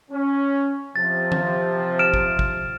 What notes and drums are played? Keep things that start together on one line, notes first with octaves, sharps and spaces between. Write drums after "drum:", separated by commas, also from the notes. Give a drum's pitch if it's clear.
C#4
C3 F3 A6
drum: tom D#3
F6 D7 E7
drum: kick
drum: kick